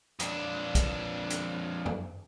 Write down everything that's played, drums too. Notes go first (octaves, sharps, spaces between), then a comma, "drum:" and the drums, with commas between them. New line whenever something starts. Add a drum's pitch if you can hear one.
F2 D4, drum: hi-hat
drum: kick A#1, hi-hat
drum: hi-hat
drum: tom G2